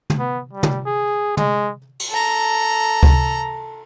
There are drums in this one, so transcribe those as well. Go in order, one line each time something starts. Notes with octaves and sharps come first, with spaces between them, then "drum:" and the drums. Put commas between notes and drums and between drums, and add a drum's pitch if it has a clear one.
drum: tom
B3
G3
drum: tom
G#4
G#3, drum: tom
drum: cymbal
A4 A#5
drum: kick C#2